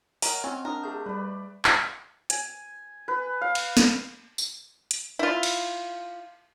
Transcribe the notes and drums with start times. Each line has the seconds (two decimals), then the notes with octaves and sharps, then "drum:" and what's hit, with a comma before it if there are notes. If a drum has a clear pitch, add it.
0.22 A#4 C#5 D#5 F#5, drum: open hi-hat
0.44 C4 C#4 C5
0.65 D4 A#4 D#6
0.83 A3 G4 G#4 G6
1.06 G3 B4 D5
1.65 drum: clap
2.30 G#5, drum: hi-hat
3.08 B4
3.41 F5
3.55 drum: cymbal
3.77 drum: snare
4.38 drum: tambourine
4.91 drum: hi-hat
5.19 E4 F4
5.43 drum: cymbal